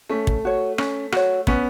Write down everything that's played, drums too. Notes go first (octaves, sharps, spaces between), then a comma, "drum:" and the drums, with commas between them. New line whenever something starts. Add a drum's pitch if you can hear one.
A3 C#4
drum: kick
F#4 C#5
C#4, drum: rim click
F#4 C#5, drum: rim click
B3 C#4, drum: kick